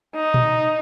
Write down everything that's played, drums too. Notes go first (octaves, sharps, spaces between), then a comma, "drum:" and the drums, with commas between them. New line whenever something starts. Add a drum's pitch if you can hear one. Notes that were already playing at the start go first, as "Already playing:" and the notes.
D#4
drum: tom A#2